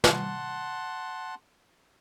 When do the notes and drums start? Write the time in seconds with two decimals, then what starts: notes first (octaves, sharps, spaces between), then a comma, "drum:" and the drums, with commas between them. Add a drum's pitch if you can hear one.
0.04 F#5 A5 C6, drum: snare